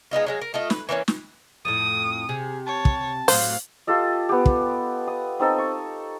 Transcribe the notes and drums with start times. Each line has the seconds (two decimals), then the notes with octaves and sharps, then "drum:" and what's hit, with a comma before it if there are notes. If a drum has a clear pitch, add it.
0.11 G#3 B3 D#4 F4
0.27 F#3 G#3 F5
0.42 A#4
0.54 A3 F4 D#5
0.70 B4, drum: snare
0.89 E3 A#3 B3 C#4
1.08 drum: snare
1.65 F2 A2 D#6
2.29 C3 G#4
2.67 C#5 A5
2.85 drum: kick
3.28 A2 F#3 C5 F5, drum: open hi-hat
3.87 F4 G4 A4 D#5
4.29 B3 G4
4.46 drum: kick
5.07 D#6
5.39 C4 D#4 A4 D#5
5.58 C#6